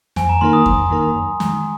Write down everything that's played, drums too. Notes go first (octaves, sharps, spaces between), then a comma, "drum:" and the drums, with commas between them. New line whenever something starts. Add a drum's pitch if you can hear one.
F2 G#5, drum: snare
A#5
D#3 A#3 D#4 A#4 C6
D#6
F2, drum: kick F2
D#3 A#3 D#4 A#4
F#2
D#3 G#3, drum: snare